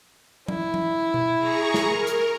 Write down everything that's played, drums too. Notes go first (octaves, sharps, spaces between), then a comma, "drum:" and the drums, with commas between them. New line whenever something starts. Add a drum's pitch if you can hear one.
E4, drum: tom F#3
drum: tom F#3
drum: tom B2
G#4 A#5 C#6
drum: snare
A#4
drum: hi-hat